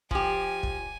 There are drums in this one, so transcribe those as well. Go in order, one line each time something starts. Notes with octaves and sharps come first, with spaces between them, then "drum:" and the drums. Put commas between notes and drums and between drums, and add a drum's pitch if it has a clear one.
F3 G4 G#5, drum: kick
drum: kick